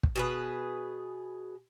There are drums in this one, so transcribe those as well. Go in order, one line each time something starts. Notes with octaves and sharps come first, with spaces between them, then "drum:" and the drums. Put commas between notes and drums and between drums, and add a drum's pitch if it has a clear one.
drum: kick
B2 G#4 B4